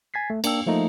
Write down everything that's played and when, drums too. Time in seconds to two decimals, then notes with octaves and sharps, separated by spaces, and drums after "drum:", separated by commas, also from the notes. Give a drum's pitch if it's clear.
0.14 G#5 G#6 A6 B6 C7
0.30 A3
0.44 A#3 D4 F5 G5 E6, drum: cymbal
0.66 F3 A3 A#3 D#4